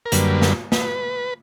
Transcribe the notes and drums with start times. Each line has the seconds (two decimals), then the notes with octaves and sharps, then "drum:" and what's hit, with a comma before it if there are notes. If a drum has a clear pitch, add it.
0.06 A#4
0.12 F#2 D3 G3 A#3 B4, drum: hi-hat
0.42 drum: snare
0.72 B4, drum: snare